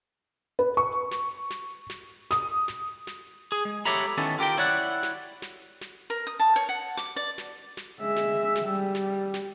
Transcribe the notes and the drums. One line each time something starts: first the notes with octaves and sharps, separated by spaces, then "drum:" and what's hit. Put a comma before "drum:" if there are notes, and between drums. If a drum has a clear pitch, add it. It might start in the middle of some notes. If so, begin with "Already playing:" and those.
B4
C#6
drum: hi-hat
drum: snare
drum: open hi-hat
drum: snare
drum: hi-hat
drum: snare
drum: open hi-hat
D#6, drum: snare
drum: hi-hat
drum: snare
drum: open hi-hat
drum: snare
drum: hi-hat
G#4
G#3, drum: open hi-hat
G4 A4 C#5 E5 A#5 B5, drum: snare
drum: hi-hat
D#3 B3 C#4 E4 A4
F4 G4 A#4 G5
E4 C#5 D5 F#5
drum: hi-hat
drum: snare
drum: open hi-hat
drum: snare
drum: hi-hat
drum: snare
A#4
D#6
A5, drum: hi-hat
C#5
F#5
drum: open hi-hat
D6, drum: snare
D5, drum: hi-hat
drum: snare
drum: open hi-hat
drum: snare
G#3 E5
drum: snare
drum: open hi-hat
drum: snare
G3
drum: hi-hat
drum: snare
drum: open hi-hat
drum: snare